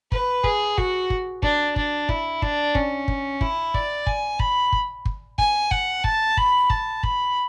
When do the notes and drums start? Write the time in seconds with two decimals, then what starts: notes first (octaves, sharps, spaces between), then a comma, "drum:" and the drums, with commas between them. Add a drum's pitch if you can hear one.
0.12 B4, drum: kick
0.44 G#4, drum: kick
0.78 F#4, drum: kick
1.10 drum: kick
1.43 D4, drum: kick
1.76 D4, drum: kick
2.09 E4, drum: kick
2.42 D4, drum: kick
2.75 C#4, drum: kick
3.08 drum: kick
3.41 E4, drum: kick
3.74 D5, drum: kick
4.07 G#5, drum: kick
4.39 B5, drum: kick
4.73 drum: kick
5.05 drum: kick
5.38 G#5, drum: kick
5.71 F#5, drum: kick
6.04 A5, drum: kick
6.37 B5, drum: kick
6.70 A5, drum: kick
7.03 B5, drum: kick